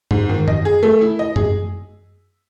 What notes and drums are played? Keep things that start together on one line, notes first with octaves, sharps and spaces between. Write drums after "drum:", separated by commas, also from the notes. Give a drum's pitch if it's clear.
G#2, drum: tom F#2
D#3
D#5, drum: tom F#2
G#4
A3
E4
D#5
G#4, drum: tom F#2